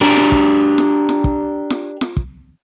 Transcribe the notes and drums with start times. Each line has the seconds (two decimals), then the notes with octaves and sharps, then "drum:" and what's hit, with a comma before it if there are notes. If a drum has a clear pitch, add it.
0.01 D4 G4 A#4
0.16 drum: snare F4
0.32 drum: kick
0.78 drum: snare F4
1.09 drum: snare F4
1.24 drum: kick
1.70 drum: snare F4
2.01 drum: snare F4
2.17 drum: kick